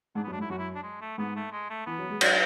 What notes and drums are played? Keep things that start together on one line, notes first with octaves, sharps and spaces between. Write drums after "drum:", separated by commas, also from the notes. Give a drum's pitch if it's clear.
G#2 D4
F#2 B3
D4
G#2
E4
F#2 F#4
E4
D4
G#3
A3
G#2 B3
A3
G#3
A3
E3 B3
F#3
G#3
F#3, drum: cymbal